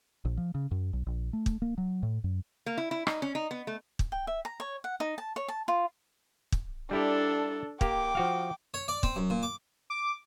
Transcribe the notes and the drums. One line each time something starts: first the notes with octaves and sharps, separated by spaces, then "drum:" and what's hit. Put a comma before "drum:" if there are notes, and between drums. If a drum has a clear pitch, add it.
A#1
F3
C#3
F#2
B1
A#1
A3
drum: kick
A#3
F#3
A2
F#2
A#3
E4
E4
D#4, drum: rim click
C#4
D#4
B3
A3
drum: kick
G5
E5
A#5
C#5
F#5
D#4
A5
C#5
A5
F4
drum: kick
G3 D4 E4 G4 A4
A#3 G4 G5 D6, drum: kick
F3 F#4 F5
C#5
D5
C4, drum: kick
F#2
A#2
D6
D6